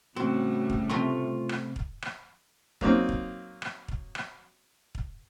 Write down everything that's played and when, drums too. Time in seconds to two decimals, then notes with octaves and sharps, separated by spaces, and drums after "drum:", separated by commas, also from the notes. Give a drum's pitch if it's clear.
0.16 A2 C#3 G3 C4 F#4
0.70 drum: kick
0.89 C3 A3 C4 F4 C#6
1.49 drum: rim click
1.76 drum: kick
2.02 drum: rim click
2.81 F#3 A#3 C4 D#4, drum: kick
3.09 drum: kick
3.62 drum: rim click
3.88 drum: kick
4.15 drum: rim click
4.95 drum: kick